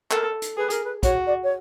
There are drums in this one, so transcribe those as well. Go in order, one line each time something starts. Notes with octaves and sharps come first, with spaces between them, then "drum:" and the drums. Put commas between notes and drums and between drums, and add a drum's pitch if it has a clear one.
A4 A#4, drum: clap
drum: hi-hat
G#4 B4
A#4, drum: hi-hat
B4
F#4 C#5, drum: kick, hi-hat
D5
C#5